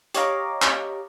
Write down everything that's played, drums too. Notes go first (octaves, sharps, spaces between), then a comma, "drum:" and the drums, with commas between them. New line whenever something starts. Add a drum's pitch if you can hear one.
G4 C#5 D#5 F5 A#5 D6, drum: hi-hat
drum: clap